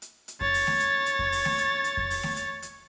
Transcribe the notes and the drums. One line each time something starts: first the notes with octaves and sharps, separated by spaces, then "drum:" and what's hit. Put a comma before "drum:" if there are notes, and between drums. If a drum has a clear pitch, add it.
drum: hi-hat
drum: hi-hat
C#5 A6, drum: kick F2
drum: open hi-hat
drum: snare A3
drum: hi-hat
drum: hi-hat
drum: kick F2
drum: open hi-hat
drum: snare A3
drum: hi-hat
drum: hi-hat
drum: kick F2
drum: open hi-hat
drum: snare A3
drum: hi-hat
drum: hi-hat